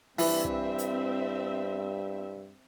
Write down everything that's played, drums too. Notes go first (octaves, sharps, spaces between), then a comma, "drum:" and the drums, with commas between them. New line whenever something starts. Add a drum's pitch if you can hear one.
G2 E3 C4 E5, drum: open hi-hat
drum: kick
drum: hi-hat